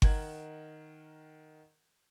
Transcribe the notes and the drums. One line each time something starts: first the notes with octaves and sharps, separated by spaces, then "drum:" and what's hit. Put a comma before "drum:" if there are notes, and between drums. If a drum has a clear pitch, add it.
D#3 A#4 F#5 G#6 F#7, drum: kick G1